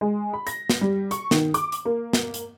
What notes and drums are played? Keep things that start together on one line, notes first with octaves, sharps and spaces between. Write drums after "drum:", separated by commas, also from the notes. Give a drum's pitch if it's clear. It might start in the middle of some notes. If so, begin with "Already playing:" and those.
G#3
B5
A#6, drum: hi-hat
drum: snare
G3
C#6, drum: hi-hat
D#3, drum: snare
D6, drum: hi-hat
drum: hi-hat
A#3
drum: snare
drum: hi-hat